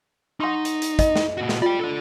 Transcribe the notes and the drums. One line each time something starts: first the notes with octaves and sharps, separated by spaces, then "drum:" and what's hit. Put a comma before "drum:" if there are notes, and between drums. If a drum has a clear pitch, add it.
D#4 F#5 C6 C#6
drum: hi-hat
drum: hi-hat
D#5, drum: kick, hi-hat
drum: snare
A#2 F#4
drum: snare
F4 D5 G5
A4 D5